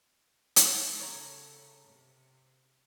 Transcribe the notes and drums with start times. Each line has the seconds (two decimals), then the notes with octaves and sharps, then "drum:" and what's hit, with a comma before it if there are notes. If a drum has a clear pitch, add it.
0.56 drum: hi-hat
1.00 C#3 A4 C#5 A#5
1.88 C3